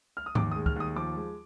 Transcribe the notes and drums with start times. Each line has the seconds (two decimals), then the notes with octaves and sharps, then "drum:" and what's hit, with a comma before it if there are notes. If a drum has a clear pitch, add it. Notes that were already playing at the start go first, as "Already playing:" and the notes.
0.17 F6
0.26 D#6
0.35 D#2 D6, drum: tom G#2
0.52 D#6
0.56 G#3
0.66 F6, drum: kick
0.76 D#2 D#6
0.96 F3 D6
1.16 G#3